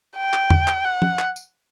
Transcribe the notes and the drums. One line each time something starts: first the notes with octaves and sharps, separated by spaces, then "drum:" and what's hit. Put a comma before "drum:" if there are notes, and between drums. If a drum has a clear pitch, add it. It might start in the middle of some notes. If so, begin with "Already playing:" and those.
G5
drum: clap
drum: tom E2
drum: clap
F#5
drum: tom
drum: clap
drum: tambourine